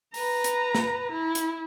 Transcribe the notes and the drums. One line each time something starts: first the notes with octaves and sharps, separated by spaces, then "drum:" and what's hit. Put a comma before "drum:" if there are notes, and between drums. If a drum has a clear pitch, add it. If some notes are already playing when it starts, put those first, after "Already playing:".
B4 A#5, drum: open hi-hat
drum: hi-hat
drum: snare
E4
drum: hi-hat